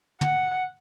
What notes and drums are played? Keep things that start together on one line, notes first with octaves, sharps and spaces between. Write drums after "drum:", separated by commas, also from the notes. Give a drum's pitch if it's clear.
F#5, drum: tom